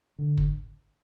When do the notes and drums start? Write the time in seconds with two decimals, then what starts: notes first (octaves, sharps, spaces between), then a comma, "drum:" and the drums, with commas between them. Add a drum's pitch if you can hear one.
0.19 D3
0.37 drum: kick